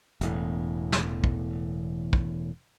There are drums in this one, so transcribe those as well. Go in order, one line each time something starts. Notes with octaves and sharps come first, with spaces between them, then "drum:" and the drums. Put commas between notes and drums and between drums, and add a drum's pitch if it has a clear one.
E1 E2 A2, drum: hi-hat
drum: snare
drum: kick
drum: kick